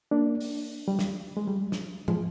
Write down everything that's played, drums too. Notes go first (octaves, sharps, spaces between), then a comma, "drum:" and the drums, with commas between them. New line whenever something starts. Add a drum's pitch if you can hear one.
A#3 D4
drum: open hi-hat
G3
drum: snare
G#3
G3
drum: snare
F3 G#3, drum: tom G#2